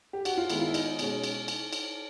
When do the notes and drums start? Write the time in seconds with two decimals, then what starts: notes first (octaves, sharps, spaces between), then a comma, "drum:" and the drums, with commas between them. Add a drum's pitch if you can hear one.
0.13 G4
0.25 F#4, drum: cymbal
0.37 F4
0.50 D#3 G#3 B3 E4, drum: cymbal
0.60 F4
0.67 E4
0.74 D#4, drum: cymbal
0.99 B2 G#3 C#4, drum: cymbal
1.24 drum: cymbal
1.48 drum: cymbal
1.73 drum: cymbal